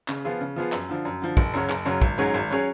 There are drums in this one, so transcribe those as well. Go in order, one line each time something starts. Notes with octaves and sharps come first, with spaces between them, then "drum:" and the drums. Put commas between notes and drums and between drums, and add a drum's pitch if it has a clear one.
C#3, drum: clap
F3 B3 F4 G#4
C#3
F3 B3 F4 G#4
F#2, drum: clap
D3 F3
F#2
D3 F3
F#1, drum: kick
F#2 C#3 F#3
F#1, drum: clap
F#2 C#3 F#3
G#1, drum: kick
G#2 F#3 C#4 G#4
G#1
F#3 C#4 G#4